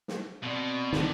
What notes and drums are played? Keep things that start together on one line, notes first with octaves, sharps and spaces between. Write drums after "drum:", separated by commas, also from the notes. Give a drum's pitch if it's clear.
drum: snare
B2 C4 D5
A2 D3 D#3, drum: snare